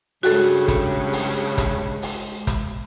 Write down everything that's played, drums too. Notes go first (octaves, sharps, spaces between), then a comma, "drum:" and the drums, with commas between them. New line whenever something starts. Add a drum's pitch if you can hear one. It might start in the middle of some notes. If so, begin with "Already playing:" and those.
G2 C#3 G#3 F#4 A4, drum: open hi-hat
drum: kick, hi-hat
drum: open hi-hat
drum: kick, hi-hat
drum: open hi-hat
drum: kick, hi-hat